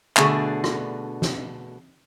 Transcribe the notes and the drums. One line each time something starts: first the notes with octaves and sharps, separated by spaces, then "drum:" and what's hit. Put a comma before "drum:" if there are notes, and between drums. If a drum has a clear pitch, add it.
B2 D3 A3 D4 G#4, drum: clap
drum: rim click
drum: snare